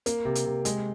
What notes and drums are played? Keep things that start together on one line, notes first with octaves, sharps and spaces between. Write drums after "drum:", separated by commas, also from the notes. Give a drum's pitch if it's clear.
A#3, drum: hi-hat
C3
drum: hi-hat
C3
G#3, drum: hi-hat